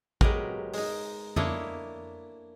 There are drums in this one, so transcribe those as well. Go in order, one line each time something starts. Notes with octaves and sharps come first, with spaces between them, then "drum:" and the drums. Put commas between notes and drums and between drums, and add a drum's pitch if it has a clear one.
F#3 G#3 G4 A#4 B4, drum: kick A1
G#3 D#4, drum: open hi-hat
A#3 D4 E4 A4 C#5 D#5, drum: tom F2